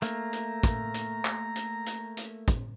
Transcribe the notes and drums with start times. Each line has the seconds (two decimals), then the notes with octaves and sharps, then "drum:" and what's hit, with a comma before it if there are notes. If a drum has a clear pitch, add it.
0.02 A3 A#3 A#5, drum: hi-hat
0.33 drum: hi-hat
0.63 drum: kick, hi-hat
0.94 drum: hi-hat
1.25 drum: clap
1.56 drum: hi-hat
1.86 drum: hi-hat
2.17 drum: hi-hat
2.48 drum: kick, hi-hat